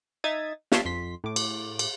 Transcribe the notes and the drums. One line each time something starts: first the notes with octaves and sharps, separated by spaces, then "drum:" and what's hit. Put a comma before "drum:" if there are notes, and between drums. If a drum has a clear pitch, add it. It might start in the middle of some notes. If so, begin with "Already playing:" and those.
D#4 E5 D#6 G#6 A6
F4 G4 C#5 E5 A5 C6, drum: snare
F2 C6 B6
A2 D6
drum: cymbal
drum: cymbal